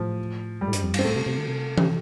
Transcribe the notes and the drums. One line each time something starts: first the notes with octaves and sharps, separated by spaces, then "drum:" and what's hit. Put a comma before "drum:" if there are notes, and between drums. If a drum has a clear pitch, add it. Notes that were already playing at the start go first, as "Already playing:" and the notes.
Already playing: A2 F3
F2 G3
A2
G2, drum: hi-hat
F2
G2 C4, drum: cymbal
A2 A3
C3
C3
D3
C3
drum: tom E3